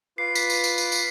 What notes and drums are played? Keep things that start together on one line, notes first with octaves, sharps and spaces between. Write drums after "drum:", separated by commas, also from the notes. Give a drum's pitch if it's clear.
F4 B4 D6 C7
B6, drum: tambourine
drum: tambourine
drum: tambourine
drum: tambourine
drum: tambourine